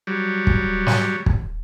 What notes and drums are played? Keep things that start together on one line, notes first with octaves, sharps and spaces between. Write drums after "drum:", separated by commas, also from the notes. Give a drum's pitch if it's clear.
F#3 G3
drum: kick
drum: snare
drum: kick